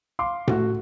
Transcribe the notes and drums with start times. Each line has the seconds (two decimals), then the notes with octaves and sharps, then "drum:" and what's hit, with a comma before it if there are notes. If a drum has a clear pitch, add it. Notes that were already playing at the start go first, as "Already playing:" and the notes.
0.19 F5 C6 D6
0.48 A3 F#4, drum: tom A2